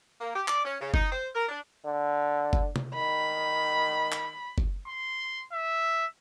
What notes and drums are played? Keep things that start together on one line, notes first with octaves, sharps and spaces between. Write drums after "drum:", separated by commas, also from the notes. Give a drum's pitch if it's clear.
A#3
G4
D5, drum: clap
C#4
C#3
D#4, drum: kick
C5
A#4
D4
D3
drum: kick
drum: tom C3
D#3 B5
drum: clap
drum: kick
C6
E5